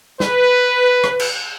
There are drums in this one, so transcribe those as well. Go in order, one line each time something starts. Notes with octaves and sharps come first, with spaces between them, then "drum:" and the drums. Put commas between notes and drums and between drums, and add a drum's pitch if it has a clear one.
B4, drum: snare
drum: rim click
drum: cymbal